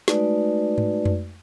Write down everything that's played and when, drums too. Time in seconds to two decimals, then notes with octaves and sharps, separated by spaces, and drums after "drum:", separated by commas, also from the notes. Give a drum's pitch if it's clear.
0.08 G#3 A3 D#4 F#4 B4 D5, drum: snare
0.78 drum: tom G#2
1.05 drum: tom F2